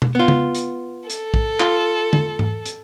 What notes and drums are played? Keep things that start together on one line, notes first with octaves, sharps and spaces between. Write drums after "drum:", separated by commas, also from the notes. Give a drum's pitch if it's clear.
drum: tom B2
B3 F4
drum: tom C#3
drum: hi-hat
A4, drum: hi-hat
drum: kick
F4, drum: clap
drum: tom
drum: tom G#2
drum: hi-hat